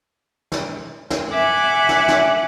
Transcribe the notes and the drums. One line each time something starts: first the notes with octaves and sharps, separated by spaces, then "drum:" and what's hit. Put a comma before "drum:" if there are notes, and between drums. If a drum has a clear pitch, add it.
drum: snare
drum: snare
E5 F#5 G#5 D6
drum: snare
drum: snare